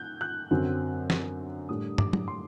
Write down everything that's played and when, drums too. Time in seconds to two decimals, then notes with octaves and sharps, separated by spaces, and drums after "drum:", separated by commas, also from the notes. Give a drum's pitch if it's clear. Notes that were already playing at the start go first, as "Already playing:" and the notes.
Already playing: F#6 G6
0.21 F#6
0.51 F#2 D3 F#3 C4
1.10 drum: snare
1.69 A2 G3 D4 D#6
1.98 D6, drum: tom
2.13 drum: tom
2.28 C6